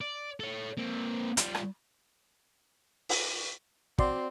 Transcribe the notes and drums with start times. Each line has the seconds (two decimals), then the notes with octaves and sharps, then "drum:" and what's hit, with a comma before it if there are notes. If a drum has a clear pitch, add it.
0.01 D5
0.40 A4 C#5
0.77 A#3 C4
1.37 G3 F4, drum: hi-hat
1.55 drum: rim click
3.09 drum: open hi-hat
3.98 C4 F#4 D5 C6, drum: kick